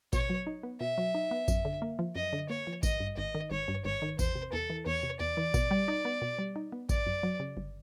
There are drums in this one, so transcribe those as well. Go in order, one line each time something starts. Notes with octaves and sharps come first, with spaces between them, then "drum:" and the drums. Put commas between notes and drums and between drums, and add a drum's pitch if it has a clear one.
B2 C#5, drum: kick A1, tambourine
F#3
D#4
B3
B2 E5
F#3
D#4
B3
F#2, drum: kick A1, tambourine
D3
A#3
F3
F#2 D#5
D3
A#3 C#5
F3
G#1 D#5, drum: kick A1, tambourine
G2
G#1 D#5
D#3
G#1 C#5
G2
G#1 C#5
D#3
E2 C5, drum: kick A1, tambourine
C3
E2 A4
E3
E2 C#5
C3
E2 D5
E3
B2, drum: kick A1, tambourine
G3
D#4
B3
B2
G3
D#4
B3
G1 D5, drum: kick A1, tambourine
F#2
F#3
C#3
G1